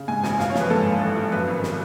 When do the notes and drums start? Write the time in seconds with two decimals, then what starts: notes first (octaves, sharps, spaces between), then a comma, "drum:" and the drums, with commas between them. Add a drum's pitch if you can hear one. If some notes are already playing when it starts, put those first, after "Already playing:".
Already playing: C#3
0.08 G#2 G#5
0.24 A1 G#5, drum: snare
0.39 A1 F5, drum: snare
0.49 C#5
0.55 F3, drum: snare
0.60 B4
0.70 G#2 A4
0.85 A1
1.01 A1
1.16 F3
1.32 F#2 B4
1.48 G#1
1.63 drum: snare